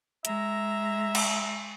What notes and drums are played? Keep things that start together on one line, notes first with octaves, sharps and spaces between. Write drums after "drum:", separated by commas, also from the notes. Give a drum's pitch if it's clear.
G#3 E5 A#5, drum: hi-hat
drum: cymbal